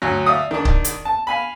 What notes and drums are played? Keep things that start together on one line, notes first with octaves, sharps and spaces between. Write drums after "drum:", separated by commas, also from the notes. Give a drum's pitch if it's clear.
D2 F#3
D5 E5 F5 D#6
D#3 D4
drum: kick C#1
drum: hi-hat
A5
F5 G#5 B5